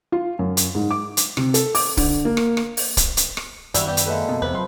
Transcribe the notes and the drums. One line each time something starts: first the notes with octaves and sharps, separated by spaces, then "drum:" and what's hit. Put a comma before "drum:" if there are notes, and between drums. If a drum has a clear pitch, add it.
F4
F#2
drum: hi-hat
G#2
D6
drum: hi-hat
C3, drum: rim click
A4, drum: hi-hat
D6, drum: open hi-hat
D3, drum: kick, open hi-hat
A#3
drum: rim click
drum: rim click
drum: open hi-hat
drum: kick, hi-hat
drum: hi-hat
drum: rim click
F#2 D#3 G3 E4 F#4 E6, drum: hi-hat
G3 B3 G4
drum: hi-hat
G#3 A#3 A4 B4 E5
B2
E2 C3 B4
F3 F#3 B5 C6